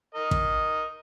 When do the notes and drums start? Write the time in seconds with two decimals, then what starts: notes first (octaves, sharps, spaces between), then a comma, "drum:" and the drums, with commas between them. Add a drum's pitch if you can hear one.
0.15 A#4 D#5
0.31 drum: kick